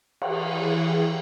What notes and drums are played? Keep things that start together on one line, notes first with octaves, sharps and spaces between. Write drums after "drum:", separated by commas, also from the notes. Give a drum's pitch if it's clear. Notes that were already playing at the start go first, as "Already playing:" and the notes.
E3 G#4, drum: cymbal